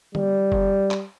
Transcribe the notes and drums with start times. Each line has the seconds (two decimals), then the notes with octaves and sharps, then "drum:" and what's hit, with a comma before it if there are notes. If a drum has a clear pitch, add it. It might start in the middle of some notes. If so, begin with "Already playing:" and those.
0.15 G3, drum: tom
0.52 drum: kick F#1
0.91 drum: clap